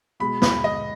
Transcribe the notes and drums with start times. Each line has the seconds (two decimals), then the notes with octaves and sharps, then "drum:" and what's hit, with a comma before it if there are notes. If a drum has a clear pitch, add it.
0.20 B2 G#3 B5
0.42 B5, drum: snare
0.64 D#5